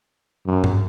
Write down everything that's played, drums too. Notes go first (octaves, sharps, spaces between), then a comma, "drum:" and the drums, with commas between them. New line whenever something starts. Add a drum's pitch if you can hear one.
F#2
drum: tom G2